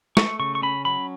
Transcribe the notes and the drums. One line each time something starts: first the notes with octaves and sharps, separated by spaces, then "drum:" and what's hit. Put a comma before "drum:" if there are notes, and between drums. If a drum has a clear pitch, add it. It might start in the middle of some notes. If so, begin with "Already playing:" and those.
A3 C#6, drum: snare
C#3 C#6
C#6
C#4 B5
F#3 B5